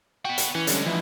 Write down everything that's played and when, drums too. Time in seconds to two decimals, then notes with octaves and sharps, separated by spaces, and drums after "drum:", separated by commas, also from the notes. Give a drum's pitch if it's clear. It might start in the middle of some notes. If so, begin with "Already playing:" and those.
0.25 B3 F#4 G5
0.38 drum: hi-hat
0.55 E3 C#4
0.67 D2 D3 G3 G#3 C#4, drum: hi-hat
0.86 E3 F3 E4